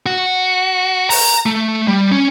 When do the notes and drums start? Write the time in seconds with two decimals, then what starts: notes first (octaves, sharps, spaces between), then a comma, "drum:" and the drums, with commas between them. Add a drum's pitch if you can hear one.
0.06 F#4
1.10 A#5, drum: open hi-hat
1.46 A3
1.88 G3
2.11 C#4